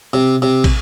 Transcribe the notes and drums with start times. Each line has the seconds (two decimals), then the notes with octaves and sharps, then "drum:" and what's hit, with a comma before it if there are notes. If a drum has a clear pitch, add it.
0.13 C3
0.42 C3
0.64 drum: kick, cymbal